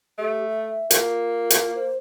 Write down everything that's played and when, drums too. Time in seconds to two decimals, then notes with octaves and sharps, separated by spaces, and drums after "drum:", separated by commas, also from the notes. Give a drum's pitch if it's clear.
0.19 A3 G4
0.49 E5
0.91 A#3 F4, drum: hi-hat
1.50 drum: hi-hat
1.75 C5